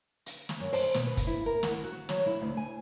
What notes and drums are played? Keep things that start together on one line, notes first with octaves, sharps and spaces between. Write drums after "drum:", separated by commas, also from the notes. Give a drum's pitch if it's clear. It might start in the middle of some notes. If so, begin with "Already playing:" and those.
drum: hi-hat
drum: snare
F#2
C5, drum: open hi-hat
B2, drum: snare
B4
drum: kick, hi-hat
E4
A#4
F#5, drum: snare
F#4
F#3, drum: snare
E4
D2
G#5